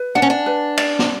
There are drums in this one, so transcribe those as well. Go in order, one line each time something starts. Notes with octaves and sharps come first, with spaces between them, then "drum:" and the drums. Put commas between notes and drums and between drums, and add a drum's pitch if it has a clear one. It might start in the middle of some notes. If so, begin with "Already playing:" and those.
Already playing: B4
D4 F#5
C#4
D4
B4
D5, drum: cymbal
drum: snare